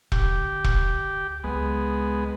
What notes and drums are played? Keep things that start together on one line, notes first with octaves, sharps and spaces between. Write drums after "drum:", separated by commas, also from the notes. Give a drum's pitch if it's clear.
D2 G4, drum: kick E1
drum: kick E1
C#2 F#3 G#3 B3